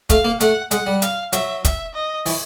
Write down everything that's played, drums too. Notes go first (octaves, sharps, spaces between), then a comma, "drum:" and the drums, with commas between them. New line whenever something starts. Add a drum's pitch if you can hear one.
A3 F5, drum: kick, hi-hat
A#3
A3 F#5, drum: hi-hat
G#3 F#5, drum: hi-hat
G3
F5, drum: hi-hat
F#3 E5, drum: hi-hat
E5, drum: kick, hi-hat
D#5
E3, drum: open hi-hat